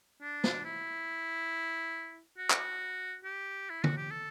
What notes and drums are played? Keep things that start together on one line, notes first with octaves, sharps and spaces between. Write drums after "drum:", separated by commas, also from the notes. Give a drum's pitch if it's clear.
D4
drum: snare
E4
F#4
drum: clap
G4
E4
F#4, drum: tom D3
G4
A4